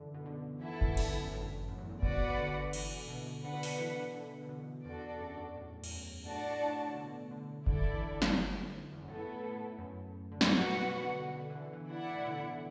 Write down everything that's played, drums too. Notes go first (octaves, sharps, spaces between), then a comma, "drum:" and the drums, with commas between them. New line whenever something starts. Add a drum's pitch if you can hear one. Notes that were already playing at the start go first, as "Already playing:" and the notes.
Already playing: F#2 D3 E3
B2
D3
E3 B3 E4 A4 E5 A5
drum: kick G1
E3
D3, drum: cymbal
F#2
A2
F#2
E2
F#2
B2 F#4 B4 D5 F#5, drum: kick G1
D3
E3, drum: cymbal
B2
D3 D4 B4 F#5
B2
D3, drum: open hi-hat
E3
D3
D3
B2
E2 D4 F#4 A4 D5
F#2
A2
E2, drum: cymbal
F#2
A2 D4 F#4 D5 A5
A2
D3
B2
D3
D3 E4 A4 D5, drum: kick G1
E3
D3
drum: snare
E2
F#2
A2 B3 E4 A4
A2
F#2
D3
B2, drum: snare
A2 F#4 B4 F#5
B2
B2
D3
B2
D3
E3
D3
E3
E3 E4 D5 F#5
A2
B2
D3
E3